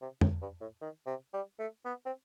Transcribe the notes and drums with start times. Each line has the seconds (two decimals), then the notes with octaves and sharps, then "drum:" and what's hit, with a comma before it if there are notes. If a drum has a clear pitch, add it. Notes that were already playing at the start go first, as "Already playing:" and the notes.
0.02 C3
0.21 A2, drum: tom
0.42 G2
0.61 A2
0.81 D#3
1.07 C3
1.33 G3
1.59 A3
1.85 B3
2.06 C4